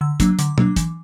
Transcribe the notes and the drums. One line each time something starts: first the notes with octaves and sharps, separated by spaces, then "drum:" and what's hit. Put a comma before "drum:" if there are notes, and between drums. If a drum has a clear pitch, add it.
D3 E6
F#3 A#3 D4, drum: kick, hi-hat
D3 D6, drum: hi-hat
F#3 A#3 D4, drum: tom
E3, drum: kick, hi-hat